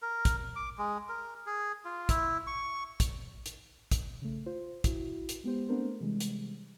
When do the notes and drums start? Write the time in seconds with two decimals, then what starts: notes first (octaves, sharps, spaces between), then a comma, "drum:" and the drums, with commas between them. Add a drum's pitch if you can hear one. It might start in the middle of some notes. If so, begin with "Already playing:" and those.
0.02 A#4
0.25 drum: kick, hi-hat
0.56 D6
0.78 G#3
1.09 A#4
1.46 G#4
1.85 F4
2.09 E4, drum: kick, hi-hat
2.47 C#6
3.00 drum: kick, hi-hat
3.46 drum: hi-hat
3.91 drum: kick, hi-hat
4.22 C#3 A3
4.46 F4 C5
4.84 E4 F#4, drum: kick, hi-hat
5.29 drum: hi-hat
5.44 G#3 B3 G4 C5
5.69 A3 B3 C4 D4 A#4 C5
6.00 C3 E3 G3 G#3
6.20 drum: hi-hat